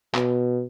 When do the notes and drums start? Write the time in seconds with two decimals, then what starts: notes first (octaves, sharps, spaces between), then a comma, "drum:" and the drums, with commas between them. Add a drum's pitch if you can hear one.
0.14 B2, drum: clap